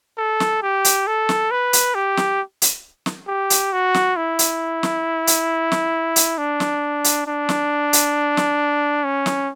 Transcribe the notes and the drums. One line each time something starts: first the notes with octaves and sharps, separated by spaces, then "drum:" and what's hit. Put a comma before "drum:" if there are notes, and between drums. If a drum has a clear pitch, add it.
A4
drum: snare
G4
drum: hi-hat
A4
drum: snare
B4
drum: hi-hat
G4
drum: snare
drum: hi-hat
drum: snare
G4
drum: hi-hat
F#4
drum: snare
E4
drum: hi-hat
drum: snare
drum: hi-hat
drum: snare
drum: hi-hat
D4
drum: snare
drum: hi-hat
D4
drum: snare
drum: hi-hat
drum: snare
C#4
drum: snare